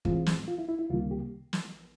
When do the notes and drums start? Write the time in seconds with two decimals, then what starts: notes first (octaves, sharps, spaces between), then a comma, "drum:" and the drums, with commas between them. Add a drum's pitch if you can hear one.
0.05 A2 E3 G#3 C4 F4, drum: kick
0.26 drum: snare
0.48 F4
0.59 E4
0.69 E4
0.79 E4
0.90 C#2 C3 D#3 G3 A#3 F4
1.11 G4
1.53 drum: snare